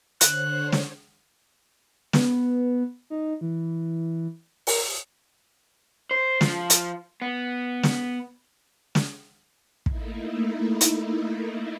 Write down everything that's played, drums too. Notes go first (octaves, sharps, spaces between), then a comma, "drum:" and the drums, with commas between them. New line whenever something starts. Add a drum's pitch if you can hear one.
D3 C5 C#5 F#6, drum: hi-hat
drum: snare
B3, drum: snare
D#4
E3
A#4, drum: open hi-hat
C5
F3, drum: snare
drum: hi-hat
B3
drum: snare
drum: snare
A3 A#3 D#4 E4, drum: kick
drum: hi-hat